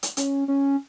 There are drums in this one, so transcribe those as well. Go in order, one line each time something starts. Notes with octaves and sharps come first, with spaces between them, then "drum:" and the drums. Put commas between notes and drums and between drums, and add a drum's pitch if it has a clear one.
drum: hi-hat
C#4, drum: hi-hat
C#4